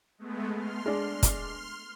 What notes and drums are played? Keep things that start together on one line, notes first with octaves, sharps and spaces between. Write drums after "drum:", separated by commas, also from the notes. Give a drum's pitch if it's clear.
G#3 A3 B3
C6 F6
G#3 D4
drum: kick, hi-hat